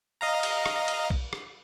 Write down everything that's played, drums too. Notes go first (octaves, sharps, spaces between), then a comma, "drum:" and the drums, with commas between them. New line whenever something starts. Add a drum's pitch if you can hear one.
D#5 F5 A#5
drum: cymbal
drum: rim click
drum: cymbal
drum: kick
drum: rim click